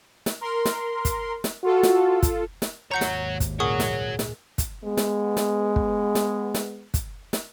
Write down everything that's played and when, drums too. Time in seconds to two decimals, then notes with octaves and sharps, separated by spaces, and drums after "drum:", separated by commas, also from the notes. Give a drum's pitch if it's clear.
0.26 drum: snare
0.41 A#4 C6
0.65 drum: snare
1.05 drum: kick, hi-hat
1.44 drum: snare
1.64 F4 F#4 A4
1.83 drum: snare
2.23 drum: kick, hi-hat
2.62 drum: snare
2.91 G#1 D#2 C#5 F#5 A#5 G6 C#7
3.01 drum: snare
3.40 drum: kick, hi-hat
3.60 C#2 A#2 G#4 A#4 C#5 F#5 C#6 D#6
3.80 drum: snare
4.19 drum: snare
4.58 drum: kick, hi-hat
4.83 G#3 B3
4.97 drum: snare
5.37 drum: snare
5.76 drum: kick
6.15 drum: snare
6.54 drum: snare
6.94 drum: kick, hi-hat
7.33 drum: snare